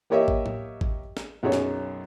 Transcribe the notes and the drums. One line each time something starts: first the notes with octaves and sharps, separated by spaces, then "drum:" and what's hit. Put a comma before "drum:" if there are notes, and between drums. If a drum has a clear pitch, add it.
A#3 G4 A#4 C#5 D#5 E5
drum: kick G#1
drum: tom A2
drum: kick G#1
drum: snare
B1 F#2 G#4 C#5
drum: snare